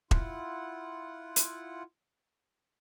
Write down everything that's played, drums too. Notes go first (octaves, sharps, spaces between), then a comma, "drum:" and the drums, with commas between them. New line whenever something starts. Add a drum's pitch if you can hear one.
E4 F4 F#5, drum: kick E1
drum: hi-hat